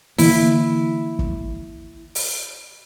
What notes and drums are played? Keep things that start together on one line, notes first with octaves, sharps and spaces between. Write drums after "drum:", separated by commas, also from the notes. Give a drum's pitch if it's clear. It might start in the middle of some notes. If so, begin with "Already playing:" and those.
D3 E3 A#3 E4, drum: open hi-hat
drum: kick
drum: open hi-hat